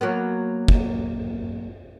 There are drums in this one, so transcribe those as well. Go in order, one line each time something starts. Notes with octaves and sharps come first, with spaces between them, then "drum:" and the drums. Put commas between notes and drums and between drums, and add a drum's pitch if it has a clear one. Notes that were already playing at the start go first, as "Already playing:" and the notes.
F#3 A#3 B3
drum: kick